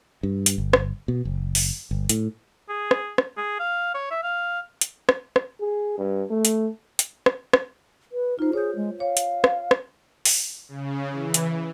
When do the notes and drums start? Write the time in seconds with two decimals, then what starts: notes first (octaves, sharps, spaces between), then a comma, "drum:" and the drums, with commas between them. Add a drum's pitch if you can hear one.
0.23 G2
0.46 drum: hi-hat
0.58 G1
0.73 drum: rim click
1.08 B2
1.25 F#1
1.55 drum: open hi-hat
1.91 G1
2.09 A2, drum: hi-hat
2.69 G#4
2.91 drum: rim click
3.18 drum: rim click
3.37 G#4
3.59 F5
3.94 C#5
4.11 E5
4.23 F5
4.81 drum: hi-hat
5.09 drum: rim click
5.36 drum: rim click
5.60 G#4
5.98 G2
6.30 A3
6.45 drum: hi-hat
6.99 drum: hi-hat
7.26 drum: rim click
7.53 drum: rim click
8.12 B4
8.39 D#4 F4 C5
8.53 G#4 C#5 G6
8.76 G#3
9.00 C#5 F5
9.17 drum: hi-hat
9.44 drum: rim click
9.71 drum: rim click
10.25 drum: open hi-hat
10.68 C#3
11.10 E3
11.34 drum: hi-hat